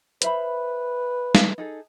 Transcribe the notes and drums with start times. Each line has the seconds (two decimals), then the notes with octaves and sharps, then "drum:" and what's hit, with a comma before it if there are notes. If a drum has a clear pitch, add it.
0.22 B4 C5 E5 B5, drum: hi-hat
1.35 drum: snare
1.58 D#4 G#4 A4